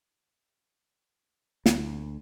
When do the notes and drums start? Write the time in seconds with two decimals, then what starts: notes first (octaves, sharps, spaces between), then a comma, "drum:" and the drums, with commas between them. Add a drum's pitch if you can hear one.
1.66 D2, drum: snare